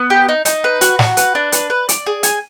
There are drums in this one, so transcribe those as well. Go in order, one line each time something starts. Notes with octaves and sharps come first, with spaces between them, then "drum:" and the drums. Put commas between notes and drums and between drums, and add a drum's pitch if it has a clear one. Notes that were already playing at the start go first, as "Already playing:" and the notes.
Already playing: B3
G4
D#4
D#4, drum: hi-hat
B4
F#4, drum: hi-hat
F#4, drum: snare
B4, drum: hi-hat
D4
B4, drum: hi-hat
B4
D5, drum: hi-hat
G#4
G#5, drum: hi-hat